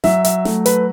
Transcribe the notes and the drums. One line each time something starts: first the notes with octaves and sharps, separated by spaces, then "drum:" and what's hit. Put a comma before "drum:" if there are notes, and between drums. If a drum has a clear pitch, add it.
F#3 E5, drum: snare
E5, drum: hi-hat
A3, drum: snare
B4, drum: hi-hat